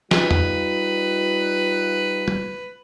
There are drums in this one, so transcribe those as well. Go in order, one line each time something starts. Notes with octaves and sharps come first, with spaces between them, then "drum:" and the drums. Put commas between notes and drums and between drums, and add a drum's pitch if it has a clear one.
G3 D#4 F4 B4, drum: snare
drum: tom
drum: tom